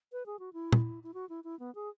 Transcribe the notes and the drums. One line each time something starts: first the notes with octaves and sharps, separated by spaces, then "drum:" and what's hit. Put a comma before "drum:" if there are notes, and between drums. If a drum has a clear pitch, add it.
B4
G#4
F#4
E4
drum: tom
E4
F#4
E4
E4
B3
G#4